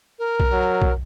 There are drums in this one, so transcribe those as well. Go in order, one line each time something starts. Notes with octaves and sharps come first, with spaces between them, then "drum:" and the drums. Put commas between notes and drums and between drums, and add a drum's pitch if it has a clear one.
A#4
drum: kick B1
F#3
drum: kick B1